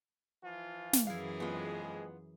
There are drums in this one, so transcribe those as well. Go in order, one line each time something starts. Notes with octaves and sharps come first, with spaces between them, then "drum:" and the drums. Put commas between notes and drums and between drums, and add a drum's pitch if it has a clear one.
E3 F3 F4
drum: snare
F#2 E3 E4 G#4 F5
F2 G#3 B3 F4